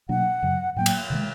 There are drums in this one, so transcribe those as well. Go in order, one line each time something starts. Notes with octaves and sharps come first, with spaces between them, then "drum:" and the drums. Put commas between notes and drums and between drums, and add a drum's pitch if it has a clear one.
B2 F#3 A#3 D4 F#5
F#2 C#3 F#3
A2 F#3 A#3 G5
drum: cymbal
C3 D#3 G#3